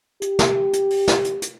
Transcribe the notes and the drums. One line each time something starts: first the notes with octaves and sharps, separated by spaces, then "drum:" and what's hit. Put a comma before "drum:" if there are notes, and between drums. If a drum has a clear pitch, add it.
G4, drum: hi-hat
drum: snare
drum: hi-hat
drum: open hi-hat
drum: snare
drum: hi-hat
drum: hi-hat